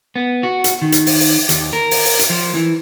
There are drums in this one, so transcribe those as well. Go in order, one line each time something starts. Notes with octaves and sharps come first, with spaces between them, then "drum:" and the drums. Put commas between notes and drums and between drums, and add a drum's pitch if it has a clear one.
B3
F#4
drum: hi-hat
D#3
drum: hi-hat
drum: open hi-hat
drum: open hi-hat
D#2, drum: hi-hat
A#4
drum: open hi-hat
drum: open hi-hat
drum: hi-hat
F3
E3